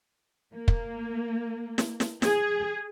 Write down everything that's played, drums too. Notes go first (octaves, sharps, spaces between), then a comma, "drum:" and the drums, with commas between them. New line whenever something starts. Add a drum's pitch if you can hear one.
A#3
drum: kick
drum: snare
drum: snare
G#4, drum: snare